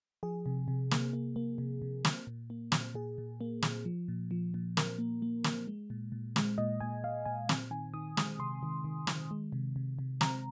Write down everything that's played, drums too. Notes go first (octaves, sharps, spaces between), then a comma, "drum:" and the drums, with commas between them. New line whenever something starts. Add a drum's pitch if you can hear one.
F3 G#4
C3
C3
A#3, drum: snare
A#3
A#3
C3
C3
A#3, drum: snare
A#2
A#3
A#2, drum: snare
A#2 G#4
A#2
A#3
A#2, drum: snare
F3
A#2
F3
A#2
A#2 A#4, drum: snare
A#3
A#3
A#3, drum: snare
G#3
A#2
A#2
G#3, drum: snare
A#2 D#5
A#2 G#5
A#2 F5
A#2 G#5
C4 G#5, drum: snare
D#3 G#5
D#3 D#6
G#3 D#6, drum: snare
C3 C6
D#3
D#3
D#3, drum: snare
G#3
C3
C3
C3
C4 A#5, drum: snare